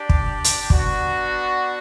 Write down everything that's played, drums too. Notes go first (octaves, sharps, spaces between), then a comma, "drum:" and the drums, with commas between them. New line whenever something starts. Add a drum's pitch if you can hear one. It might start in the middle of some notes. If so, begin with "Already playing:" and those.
Already playing: D4 G4 D5
drum: kick
drum: hi-hat
B3 D4 F#4, drum: kick